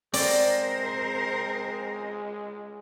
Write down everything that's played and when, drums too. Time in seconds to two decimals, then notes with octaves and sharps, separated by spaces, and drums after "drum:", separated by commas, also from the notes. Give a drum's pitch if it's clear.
0.14 G#3 C4 A#4 C5 D5, drum: open hi-hat